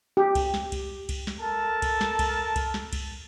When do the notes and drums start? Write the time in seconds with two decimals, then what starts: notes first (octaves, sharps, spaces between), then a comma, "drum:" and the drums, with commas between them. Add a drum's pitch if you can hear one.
0.17 G4
0.35 drum: kick C2, cymbal
0.54 drum: snare
0.72 drum: kick C2, cymbal
1.09 drum: kick C2, cymbal
1.27 drum: snare
1.40 A4 A#4 A5
1.82 drum: kick C2, cymbal
2.01 drum: snare
2.19 drum: kick C2, cymbal
2.56 drum: kick C2, cymbal
2.74 drum: snare
2.93 drum: kick C2, cymbal